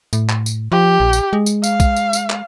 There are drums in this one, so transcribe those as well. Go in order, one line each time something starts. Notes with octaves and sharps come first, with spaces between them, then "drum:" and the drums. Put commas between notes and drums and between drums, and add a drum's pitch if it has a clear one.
A2, drum: tambourine
drum: clap
drum: tambourine
F3 G4
A#1
drum: tambourine
G#3
drum: tambourine
F5, drum: tambourine
drum: kick, tambourine
drum: tambourine
drum: tambourine
drum: clap